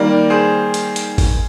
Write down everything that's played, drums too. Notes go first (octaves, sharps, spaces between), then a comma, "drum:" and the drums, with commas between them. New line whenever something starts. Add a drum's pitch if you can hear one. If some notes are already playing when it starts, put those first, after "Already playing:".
Already playing: D#3 G3 A#3 A#4 D5
G#4 C5
drum: hi-hat
drum: hi-hat
drum: kick G#1, open hi-hat